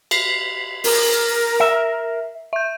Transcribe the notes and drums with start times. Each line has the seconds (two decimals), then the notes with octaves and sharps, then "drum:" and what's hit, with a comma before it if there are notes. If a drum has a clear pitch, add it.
0.11 B6 C7 F#7, drum: cymbal
0.84 A#4, drum: open hi-hat
1.60 E5
2.53 E5 G6